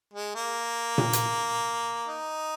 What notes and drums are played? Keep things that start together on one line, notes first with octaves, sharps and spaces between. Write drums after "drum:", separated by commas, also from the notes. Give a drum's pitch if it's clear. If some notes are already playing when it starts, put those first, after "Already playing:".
G#3
A#3
drum: tom A#2
drum: hi-hat
D#4